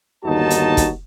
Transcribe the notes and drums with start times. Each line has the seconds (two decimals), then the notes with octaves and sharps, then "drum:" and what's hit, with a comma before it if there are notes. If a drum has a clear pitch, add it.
0.24 G1 D#2 D#4 F#4 A5
0.50 drum: hi-hat
0.77 drum: kick, hi-hat